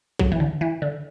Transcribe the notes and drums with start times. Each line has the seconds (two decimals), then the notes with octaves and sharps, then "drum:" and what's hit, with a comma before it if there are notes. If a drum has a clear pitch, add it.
0.19 F#3, drum: kick
0.32 E3
0.40 D3
0.61 E3
0.82 D3